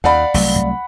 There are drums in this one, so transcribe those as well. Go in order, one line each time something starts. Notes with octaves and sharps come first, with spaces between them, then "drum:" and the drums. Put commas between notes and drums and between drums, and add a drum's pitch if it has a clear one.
D#2 D5 F5 F#5 B5
C2 F#3 A3, drum: open hi-hat
drum: kick